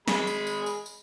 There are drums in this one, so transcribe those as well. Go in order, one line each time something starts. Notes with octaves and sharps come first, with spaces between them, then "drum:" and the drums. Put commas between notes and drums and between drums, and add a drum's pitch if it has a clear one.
G#3 G#4 B5, drum: snare
drum: tambourine
drum: tambourine
drum: tambourine
drum: tambourine